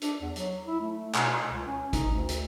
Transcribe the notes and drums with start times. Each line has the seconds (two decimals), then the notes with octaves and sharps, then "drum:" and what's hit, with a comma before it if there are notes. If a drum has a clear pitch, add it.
0.02 D4, drum: hi-hat
0.21 E2
0.36 F#3, drum: hi-hat
0.67 E4
0.81 A3
1.15 B2, drum: clap
1.50 C#2
1.67 C#4
1.93 D#4, drum: kick, hi-hat
2.11 D2
2.29 drum: hi-hat